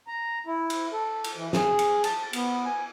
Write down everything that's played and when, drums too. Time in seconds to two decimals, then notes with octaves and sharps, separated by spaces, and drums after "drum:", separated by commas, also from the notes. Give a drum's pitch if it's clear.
0.08 A#5
0.47 E4
0.70 drum: cymbal
0.92 A4
1.24 drum: cymbal
1.36 E3
1.53 G#4, drum: snare
1.79 drum: cymbal
2.04 A5, drum: cymbal
2.33 B3, drum: cymbal
2.66 G#5